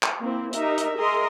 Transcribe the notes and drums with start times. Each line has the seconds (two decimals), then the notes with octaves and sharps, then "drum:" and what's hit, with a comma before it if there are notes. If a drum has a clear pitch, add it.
0.03 drum: clap
0.20 A#3 C4 E4
0.53 D#4 G4 A#4 E5, drum: hi-hat
0.78 drum: hi-hat
0.99 G#4 A#4 D#5 E5 A#5 C6